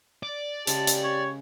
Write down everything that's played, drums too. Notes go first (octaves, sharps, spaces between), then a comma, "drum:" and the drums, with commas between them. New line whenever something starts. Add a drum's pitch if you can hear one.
D5
C#3 G#3 C#4 G4 A5, drum: hi-hat
drum: hi-hat
C#5